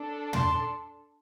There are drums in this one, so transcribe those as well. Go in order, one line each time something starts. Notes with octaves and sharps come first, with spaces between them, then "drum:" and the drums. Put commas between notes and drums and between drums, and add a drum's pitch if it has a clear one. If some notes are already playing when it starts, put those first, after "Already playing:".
Already playing: D4 A4
A5 C6, drum: tom